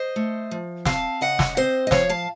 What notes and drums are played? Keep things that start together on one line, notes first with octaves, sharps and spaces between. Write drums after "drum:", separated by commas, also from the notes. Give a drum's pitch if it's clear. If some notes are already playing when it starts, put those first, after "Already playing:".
Already playing: C5 D#5
A3
F3
C4 F5 A5, drum: snare
C#3 D#5 F#5
drum: snare
C4 C5 D#5
D#5
F3 C#5 F5, drum: snare
F5 A5